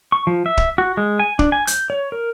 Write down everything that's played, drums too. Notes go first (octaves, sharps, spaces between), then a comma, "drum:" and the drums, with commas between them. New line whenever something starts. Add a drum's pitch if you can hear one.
C#6
F3
E5
drum: kick
F#4
G#3
G#5
D4, drum: kick
G#5
G6, drum: hi-hat
C#5
A#4